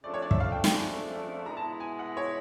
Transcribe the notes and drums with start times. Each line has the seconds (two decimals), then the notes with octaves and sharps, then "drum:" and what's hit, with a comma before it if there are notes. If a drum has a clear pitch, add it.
0.04 F2 C#3 F3 A3 D4 D5
0.14 C#5
0.22 D5
0.31 E5, drum: kick
0.40 F5
0.52 G5
0.64 G5, drum: snare
0.74 G#5
1.46 B2 G#3 B3 E4 A#5
1.57 A5
1.80 G#5
1.99 F#5
2.17 C#5